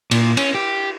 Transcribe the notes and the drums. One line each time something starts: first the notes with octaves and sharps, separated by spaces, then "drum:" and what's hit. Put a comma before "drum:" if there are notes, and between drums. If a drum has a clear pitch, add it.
A#2, drum: cymbal
C#4, drum: cymbal
G4